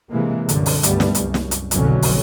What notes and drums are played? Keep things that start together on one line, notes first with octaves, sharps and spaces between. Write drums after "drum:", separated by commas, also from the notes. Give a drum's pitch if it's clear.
C3 E3 G#3 A#3
C2 F#2 A#2 D3, drum: hi-hat
drum: open hi-hat
C#2 G2 D3 G3 A3 B3, drum: hi-hat
drum: snare
C2 F#2, drum: hi-hat
drum: snare
drum: hi-hat
F#1 B1 F2 D3 F#3 C#4, drum: hi-hat
drum: open hi-hat